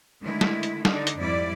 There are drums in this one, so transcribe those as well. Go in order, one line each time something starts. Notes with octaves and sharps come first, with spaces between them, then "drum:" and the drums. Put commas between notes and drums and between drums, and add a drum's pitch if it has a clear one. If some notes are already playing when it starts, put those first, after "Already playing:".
D3 D#3 G#3 A3 E4
drum: snare
drum: hi-hat
D3 D4 D#4, drum: snare
drum: hi-hat
F2 G#2 G3 E4 D5